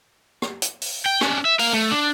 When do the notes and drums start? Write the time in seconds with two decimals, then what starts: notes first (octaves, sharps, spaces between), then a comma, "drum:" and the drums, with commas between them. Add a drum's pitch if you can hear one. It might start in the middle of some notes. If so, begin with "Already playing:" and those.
0.42 drum: rim click
0.62 drum: hi-hat
0.82 drum: open hi-hat
1.05 G5
1.21 C#4 D4, drum: rim click
1.45 E5
1.59 A#4 F5, drum: open hi-hat
1.73 A3
1.91 D4